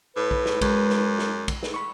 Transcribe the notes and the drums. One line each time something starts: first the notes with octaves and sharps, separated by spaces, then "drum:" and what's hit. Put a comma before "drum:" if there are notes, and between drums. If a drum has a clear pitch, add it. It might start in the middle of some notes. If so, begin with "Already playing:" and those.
A2 B4
drum: kick A#1
drum: snare
F#2 G#3, drum: kick A#1, cymbal
drum: snare
drum: snare
drum: kick A#1, cymbal
drum: snare
B5 C#6